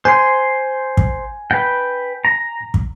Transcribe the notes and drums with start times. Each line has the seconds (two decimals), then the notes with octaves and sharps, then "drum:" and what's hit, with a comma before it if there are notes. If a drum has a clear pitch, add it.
0.05 C5 G#5 C6
0.97 drum: kick
1.51 B4 G5
2.25 A#5
2.74 drum: kick